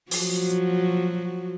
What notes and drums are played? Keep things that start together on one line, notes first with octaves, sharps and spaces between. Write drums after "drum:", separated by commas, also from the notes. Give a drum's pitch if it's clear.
F3 F#3 F#4, drum: open hi-hat